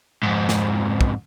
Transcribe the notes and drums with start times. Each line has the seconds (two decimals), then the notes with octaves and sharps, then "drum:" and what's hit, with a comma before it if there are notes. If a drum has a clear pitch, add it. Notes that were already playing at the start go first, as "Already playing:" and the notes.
0.23 F2 G#2
0.49 drum: snare
1.01 drum: kick